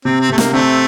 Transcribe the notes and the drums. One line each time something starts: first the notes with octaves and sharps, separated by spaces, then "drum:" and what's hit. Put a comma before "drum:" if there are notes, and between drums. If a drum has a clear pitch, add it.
C3 C4
C4
C3 A3
A#3, drum: snare
D3 A3 C4